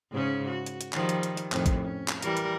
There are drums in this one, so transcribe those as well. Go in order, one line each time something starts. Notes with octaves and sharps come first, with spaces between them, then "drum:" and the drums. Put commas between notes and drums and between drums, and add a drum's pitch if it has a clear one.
G#2 C#3 C#4
F#4
drum: hi-hat
drum: hi-hat
D#3 F3 G3, drum: clap
drum: hi-hat
drum: hi-hat
drum: hi-hat
F2 A2 D#3, drum: clap
drum: kick A#1, hi-hat
C#4
drum: clap
E3 G3 A#4, drum: hi-hat
drum: hi-hat